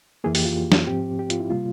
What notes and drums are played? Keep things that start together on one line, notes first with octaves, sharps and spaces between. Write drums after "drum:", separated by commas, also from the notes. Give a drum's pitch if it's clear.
F2 E3 A#3 G#4
G4, drum: open hi-hat
F4
drum: snare
G#2 F3 C4 G4
G4
F4, drum: hi-hat
E4
C3 G3 A#3 F4